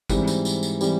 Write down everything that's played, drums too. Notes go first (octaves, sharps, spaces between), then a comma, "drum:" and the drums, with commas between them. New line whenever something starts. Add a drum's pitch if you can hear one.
G#2 E3 G3 C4, drum: kick, tambourine
drum: tambourine
drum: tambourine
drum: tambourine
E3 G3 C4, drum: tambourine